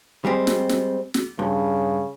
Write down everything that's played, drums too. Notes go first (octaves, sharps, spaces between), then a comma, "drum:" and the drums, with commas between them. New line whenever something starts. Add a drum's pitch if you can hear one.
G3 G#3 C4
drum: snare
drum: snare
drum: snare
G2 C#3